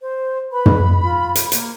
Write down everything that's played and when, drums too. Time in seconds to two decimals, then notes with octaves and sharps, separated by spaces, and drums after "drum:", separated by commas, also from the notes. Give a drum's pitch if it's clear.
0.01 C5
0.52 B4 B5
0.66 drum: tom
1.02 F4
1.35 drum: hi-hat
1.52 A#3, drum: hi-hat